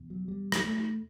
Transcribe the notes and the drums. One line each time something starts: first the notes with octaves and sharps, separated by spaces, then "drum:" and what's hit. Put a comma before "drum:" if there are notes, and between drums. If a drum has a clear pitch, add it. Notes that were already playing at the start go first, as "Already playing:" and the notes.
Already playing: E2 B2
F#3
G3
drum: rim click
A3